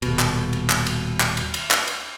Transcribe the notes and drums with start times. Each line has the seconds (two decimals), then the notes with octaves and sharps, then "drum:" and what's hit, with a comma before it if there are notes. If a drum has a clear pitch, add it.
0.02 D#1 B2, drum: cymbal
0.19 drum: clap
0.53 drum: cymbal
0.70 drum: clap
0.87 drum: cymbal
1.20 drum: clap
1.37 drum: cymbal
1.54 drum: cymbal
1.71 drum: clap
1.88 drum: cymbal